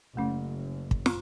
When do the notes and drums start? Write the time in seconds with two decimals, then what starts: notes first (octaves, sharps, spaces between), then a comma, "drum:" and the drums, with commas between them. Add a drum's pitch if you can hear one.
0.17 F#1 A3 C#4 E4
0.91 drum: kick
1.06 drum: snare